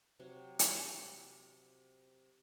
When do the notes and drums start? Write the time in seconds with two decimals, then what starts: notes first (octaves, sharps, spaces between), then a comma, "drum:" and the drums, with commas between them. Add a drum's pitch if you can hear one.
0.19 C3 F#3 F#4 G5
0.59 drum: hi-hat